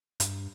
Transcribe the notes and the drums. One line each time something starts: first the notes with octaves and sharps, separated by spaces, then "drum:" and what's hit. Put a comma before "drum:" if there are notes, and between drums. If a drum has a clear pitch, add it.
G2, drum: hi-hat